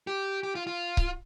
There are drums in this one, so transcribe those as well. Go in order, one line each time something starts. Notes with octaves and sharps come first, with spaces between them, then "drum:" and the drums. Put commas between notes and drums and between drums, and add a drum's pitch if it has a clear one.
G4
G4
F4
F4
drum: kick C#1